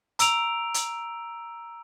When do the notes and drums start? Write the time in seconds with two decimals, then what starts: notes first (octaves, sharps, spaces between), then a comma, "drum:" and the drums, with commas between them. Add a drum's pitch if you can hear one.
0.19 A#5 E6 D7 F7, drum: hi-hat
0.74 drum: hi-hat